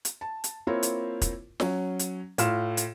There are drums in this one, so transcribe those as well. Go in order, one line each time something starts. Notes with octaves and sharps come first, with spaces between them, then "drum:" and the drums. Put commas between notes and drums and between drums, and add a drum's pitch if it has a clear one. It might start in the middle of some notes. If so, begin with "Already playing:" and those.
drum: hi-hat
A5
drum: hi-hat
A#3 C4 E4 F4 A#4 C#5
drum: hi-hat
drum: kick, hi-hat
F#3 C#4, drum: snare
drum: hi-hat
A2 F4 F5 C6 F6 E7, drum: hi-hat
drum: hi-hat